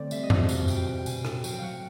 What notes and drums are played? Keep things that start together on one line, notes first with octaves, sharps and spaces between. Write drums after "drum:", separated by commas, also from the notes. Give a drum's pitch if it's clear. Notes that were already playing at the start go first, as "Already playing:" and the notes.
Already playing: D3 A3 C4 D5
G3 E5, drum: tambourine
D#5
F2, drum: tom F#2
E5
B2 F5, drum: tambourine
B2 G5, drum: tambourine
B2 G5
B2 G#5, drum: tambourine
A2, drum: rim click
F#3 G5, drum: tambourine
F#3 F5 F#5